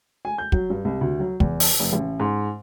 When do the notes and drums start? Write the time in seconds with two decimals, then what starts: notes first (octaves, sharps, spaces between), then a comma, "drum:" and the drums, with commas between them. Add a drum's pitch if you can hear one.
0.25 G#5
0.38 G6
0.52 F#3, drum: kick
0.70 G2
0.85 C2
1.01 D2
1.20 F#3
1.40 E2, drum: kick
1.60 drum: open hi-hat
1.79 F1
1.93 A1
2.20 G#2